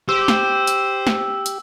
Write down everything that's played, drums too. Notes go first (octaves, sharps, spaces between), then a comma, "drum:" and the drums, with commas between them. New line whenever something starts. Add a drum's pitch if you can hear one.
G4 C5 E6
drum: snare
drum: hi-hat
drum: snare
drum: hi-hat